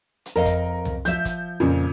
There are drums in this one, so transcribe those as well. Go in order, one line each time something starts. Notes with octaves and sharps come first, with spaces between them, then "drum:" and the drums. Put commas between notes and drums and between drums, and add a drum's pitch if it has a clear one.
drum: hi-hat
F2 A#4 D#5 F5
drum: kick, hi-hat
drum: tom C2
F3 E5 G6, drum: hi-hat
drum: kick, hi-hat
F2 A#2 C#3